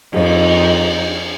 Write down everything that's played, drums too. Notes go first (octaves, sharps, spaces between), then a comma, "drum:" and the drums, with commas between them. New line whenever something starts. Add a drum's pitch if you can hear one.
F2 D#4, drum: cymbal